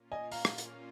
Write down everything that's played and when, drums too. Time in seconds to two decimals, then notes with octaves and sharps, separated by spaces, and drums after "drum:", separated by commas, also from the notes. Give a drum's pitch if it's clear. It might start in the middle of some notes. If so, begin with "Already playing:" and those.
Already playing: A#2 A#3 C#4 F4
0.12 D#5 G#5
0.32 F5 A#5, drum: open hi-hat
0.45 drum: rim click
0.58 drum: hi-hat